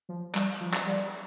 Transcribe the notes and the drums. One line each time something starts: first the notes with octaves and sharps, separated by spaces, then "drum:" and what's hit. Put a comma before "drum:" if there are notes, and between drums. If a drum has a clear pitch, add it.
F3
G3, drum: clap
F3
drum: clap
G3